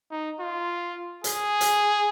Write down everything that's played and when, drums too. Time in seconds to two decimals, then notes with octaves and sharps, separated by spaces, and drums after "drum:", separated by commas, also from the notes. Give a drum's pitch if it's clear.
0.11 D#4
0.40 F4
1.24 G#4, drum: hi-hat
1.61 drum: hi-hat